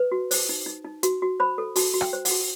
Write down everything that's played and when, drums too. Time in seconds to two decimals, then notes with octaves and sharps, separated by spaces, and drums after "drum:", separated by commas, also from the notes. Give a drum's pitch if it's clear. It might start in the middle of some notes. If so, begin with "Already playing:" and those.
Already playing: B4
0.12 F#4
0.31 C5, drum: open hi-hat
0.49 D#4
0.66 D#4
0.84 D#4
1.03 F#4, drum: hi-hat
1.22 F#4
1.40 C5 B5
1.58 A4
1.76 F#4 A5, drum: open hi-hat
1.94 F#4
2.01 G5, drum: rim click
2.13 C5
2.25 F#5, drum: open hi-hat
2.31 F#4